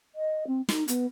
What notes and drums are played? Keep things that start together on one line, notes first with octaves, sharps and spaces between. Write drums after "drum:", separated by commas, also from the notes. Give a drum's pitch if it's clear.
D#5
C4
D#4, drum: snare
B3, drum: hi-hat